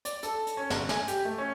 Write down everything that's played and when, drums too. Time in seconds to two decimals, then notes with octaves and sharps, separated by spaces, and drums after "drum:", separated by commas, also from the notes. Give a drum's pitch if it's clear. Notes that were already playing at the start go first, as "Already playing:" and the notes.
0.05 D5, drum: hi-hat
0.23 A4, drum: hi-hat
0.47 drum: hi-hat
0.57 C#4
0.70 G1, drum: snare
0.89 G#5, drum: snare
1.08 G4, drum: hi-hat
1.25 A3
1.38 C#4